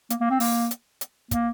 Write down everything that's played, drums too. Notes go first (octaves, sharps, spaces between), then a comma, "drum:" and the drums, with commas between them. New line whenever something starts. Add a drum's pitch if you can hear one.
A#3, drum: hi-hat
A#3
C4
A#3, drum: open hi-hat
drum: hi-hat
drum: hi-hat
A#3, drum: kick, hi-hat